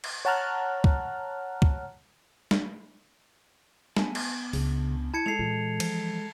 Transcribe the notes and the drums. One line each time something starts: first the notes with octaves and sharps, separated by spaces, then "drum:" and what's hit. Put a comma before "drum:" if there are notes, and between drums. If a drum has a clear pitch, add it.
drum: cymbal
C#5 F#5 A5 A#5 F6 F#6
drum: kick C#2
drum: kick C#2
drum: snare
B3 G#5 A5, drum: snare
drum: cymbal
C#2 C#3 D4, drum: open hi-hat
E4 A5 G#6 C#7
G#3 G#4 A4 C7 F7
A#2 E3
F3, drum: cymbal